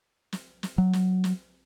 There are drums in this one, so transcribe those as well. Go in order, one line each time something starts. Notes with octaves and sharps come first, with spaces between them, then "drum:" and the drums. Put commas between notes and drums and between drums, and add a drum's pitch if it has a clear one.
drum: snare
drum: snare
F#3
drum: snare
drum: snare